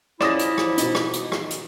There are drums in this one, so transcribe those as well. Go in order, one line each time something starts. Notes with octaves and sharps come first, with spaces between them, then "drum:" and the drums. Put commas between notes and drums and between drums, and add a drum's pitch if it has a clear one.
G#2 F3 C#4 E4 D5 D#6 A#6 E7, drum: rim click
drum: hi-hat
drum: rim click
B2 D#4, drum: hi-hat
drum: rim click
drum: hi-hat
drum: rim click
drum: hi-hat